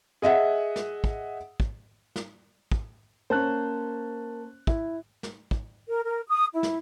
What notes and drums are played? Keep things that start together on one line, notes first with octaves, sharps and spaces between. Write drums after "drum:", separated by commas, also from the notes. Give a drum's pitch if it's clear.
G#4 D#5 E5 F#5
drum: snare
drum: kick
drum: kick
drum: snare
drum: kick
A#3 C#4 C5 A5 F#6
E4, drum: kick
drum: snare
drum: kick
A#4
A#4
D#6
E4
drum: snare